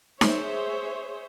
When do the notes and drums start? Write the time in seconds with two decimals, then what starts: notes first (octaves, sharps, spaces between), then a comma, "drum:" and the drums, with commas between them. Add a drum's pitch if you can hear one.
0.21 G#4 C5 C#5 E5, drum: snare D#4